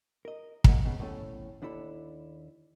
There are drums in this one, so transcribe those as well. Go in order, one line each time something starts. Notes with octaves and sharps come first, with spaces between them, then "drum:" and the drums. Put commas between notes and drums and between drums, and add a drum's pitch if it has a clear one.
A#4 D#5
A#2 G#3 A#3 D#5 F#5, drum: kick
C#3 G#3 B3
E2 A2 A3 B3 C#4 A4
D#2 D4 E4 A4 B5